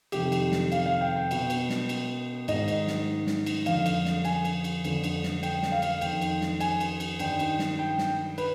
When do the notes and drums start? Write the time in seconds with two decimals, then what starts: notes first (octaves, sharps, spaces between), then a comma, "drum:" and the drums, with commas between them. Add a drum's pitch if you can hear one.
0.12 F2 C3 D#3 G4, drum: cymbal
0.32 drum: cymbal
0.52 drum: snare
0.72 F5, drum: cymbal
0.86 F5
1.01 G5
1.16 G5
1.31 B2, drum: cymbal
1.50 drum: cymbal
1.70 drum: snare
1.89 drum: cymbal
2.48 G#2 D#3 D#5, drum: cymbal
2.68 drum: cymbal
2.87 drum: snare
3.27 drum: snare
3.46 drum: cymbal
3.66 F2 D3 F3 F5, drum: cymbal
3.86 drum: cymbal
4.05 drum: snare
4.25 G#5, drum: cymbal
4.45 drum: cymbal
4.64 drum: cymbal
4.84 F2 D3 F3, drum: cymbal
5.04 drum: cymbal
5.23 drum: snare
5.43 G5, drum: cymbal
5.63 drum: snare
5.72 F5
5.82 drum: cymbal
6.01 F2 D#3 G5, drum: cymbal
6.22 drum: cymbal
6.41 drum: snare
6.60 G#5, drum: cymbal
6.80 drum: cymbal
7.00 drum: cymbal
7.19 G2 D#3 G5, drum: cymbal
7.39 drum: cymbal
7.59 drum: snare
7.79 G5
7.98 drum: snare
8.38 B4, drum: cymbal